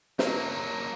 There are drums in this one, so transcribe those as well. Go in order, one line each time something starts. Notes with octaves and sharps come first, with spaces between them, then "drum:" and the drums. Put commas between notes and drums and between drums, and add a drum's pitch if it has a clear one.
F#3 A#3, drum: snare